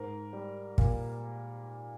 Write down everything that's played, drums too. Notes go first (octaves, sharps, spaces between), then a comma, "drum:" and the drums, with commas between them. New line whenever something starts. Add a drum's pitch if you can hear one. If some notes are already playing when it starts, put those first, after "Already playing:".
Already playing: G#2 A#4
G3
A#2, drum: kick